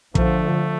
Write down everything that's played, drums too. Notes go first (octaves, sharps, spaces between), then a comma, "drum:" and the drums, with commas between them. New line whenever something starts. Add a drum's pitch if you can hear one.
D3 F3 A3, drum: kick